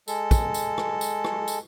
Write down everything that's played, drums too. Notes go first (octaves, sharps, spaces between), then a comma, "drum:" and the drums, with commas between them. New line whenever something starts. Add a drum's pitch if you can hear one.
G#3 A4, drum: tambourine
drum: kick, tambourine
drum: tambourine
drum: rim click
drum: tambourine
drum: rim click
drum: tambourine